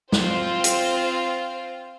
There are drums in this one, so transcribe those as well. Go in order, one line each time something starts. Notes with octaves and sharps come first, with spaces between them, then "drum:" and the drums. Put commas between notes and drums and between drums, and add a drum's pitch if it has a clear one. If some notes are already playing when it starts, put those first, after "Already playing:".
C4 F4 C5, drum: snare
drum: hi-hat